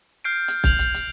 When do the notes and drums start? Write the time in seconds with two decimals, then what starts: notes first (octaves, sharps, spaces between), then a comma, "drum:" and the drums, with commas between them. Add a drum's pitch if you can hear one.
0.24 F6 G6 C7 D7
0.48 drum: hi-hat
0.64 G6 F7 F#7, drum: kick, hi-hat
0.79 drum: hi-hat
0.94 drum: hi-hat